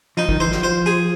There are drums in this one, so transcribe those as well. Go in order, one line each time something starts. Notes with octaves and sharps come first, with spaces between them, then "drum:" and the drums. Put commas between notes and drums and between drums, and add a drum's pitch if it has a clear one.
F3 D#4
D#3, drum: kick
E3 C5
F3, drum: snare
C5
G#4